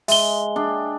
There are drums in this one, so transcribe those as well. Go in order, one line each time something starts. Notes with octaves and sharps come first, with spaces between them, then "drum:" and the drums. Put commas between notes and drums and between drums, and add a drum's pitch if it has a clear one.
G#3 E5 G7, drum: open hi-hat
D4 G#4 G5